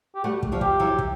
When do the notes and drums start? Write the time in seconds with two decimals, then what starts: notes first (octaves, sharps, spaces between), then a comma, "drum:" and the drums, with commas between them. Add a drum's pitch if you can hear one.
0.15 G4
0.24 G3 A3 F#4
0.43 drum: kick
0.52 F3 G3
0.61 G4, drum: kick
0.80 E3 F#3
0.99 drum: kick